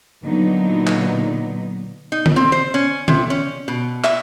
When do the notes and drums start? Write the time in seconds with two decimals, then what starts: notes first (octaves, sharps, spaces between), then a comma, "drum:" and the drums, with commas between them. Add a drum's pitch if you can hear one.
0.23 A#2 D3 F#3 B3 D#4
0.87 drum: clap
2.12 D#4
2.26 drum: tom D3
2.36 C4
2.52 C5
2.74 C#4
3.08 C3, drum: tom D3
3.30 C#4
3.68 B2
4.04 E5, drum: clap